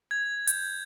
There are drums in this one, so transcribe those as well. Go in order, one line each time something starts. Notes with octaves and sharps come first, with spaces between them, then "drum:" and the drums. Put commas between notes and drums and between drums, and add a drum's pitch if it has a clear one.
G#6
G6, drum: hi-hat